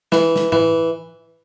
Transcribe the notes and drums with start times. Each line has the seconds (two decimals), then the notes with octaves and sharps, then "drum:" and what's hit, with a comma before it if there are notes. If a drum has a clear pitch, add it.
0.12 E3, drum: snare
0.36 drum: snare
0.52 E3, drum: tom A2